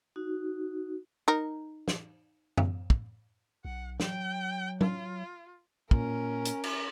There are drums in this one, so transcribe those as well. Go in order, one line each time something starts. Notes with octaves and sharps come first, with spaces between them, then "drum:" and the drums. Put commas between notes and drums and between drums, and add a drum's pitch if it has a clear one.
D#4 F#4
D#4 A#4
drum: snare
drum: tom F#2
drum: kick
B1 F#5
F#3 G5, drum: snare
F4, drum: tom F#3
A#2 C#4 A#4, drum: kick
drum: hi-hat
drum: cymbal